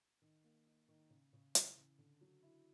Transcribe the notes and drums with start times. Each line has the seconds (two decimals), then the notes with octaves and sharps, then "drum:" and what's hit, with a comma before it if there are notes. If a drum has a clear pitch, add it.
0.22 D#3
0.44 A#3
0.66 D#4
0.88 D#3
1.10 C#3
1.33 C#3
1.55 E3, drum: hi-hat
1.77 C#3
1.98 D3
2.21 F#3
2.43 E4